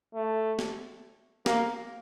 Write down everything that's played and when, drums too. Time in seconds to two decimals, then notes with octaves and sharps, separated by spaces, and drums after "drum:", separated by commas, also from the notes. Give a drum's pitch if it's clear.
0.15 A3
0.59 drum: snare
1.46 A#3, drum: snare